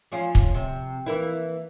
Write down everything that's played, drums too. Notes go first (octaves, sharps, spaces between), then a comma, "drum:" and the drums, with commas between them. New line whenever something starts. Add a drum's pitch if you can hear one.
F3 C#4 F4
drum: kick
C3
E3 A#3 E4